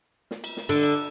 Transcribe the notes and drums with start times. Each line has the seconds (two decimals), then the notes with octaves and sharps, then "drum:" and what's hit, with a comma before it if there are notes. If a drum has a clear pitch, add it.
0.31 drum: snare
0.44 drum: cymbal
0.57 drum: snare
0.69 D3, drum: cymbal
0.83 drum: cymbal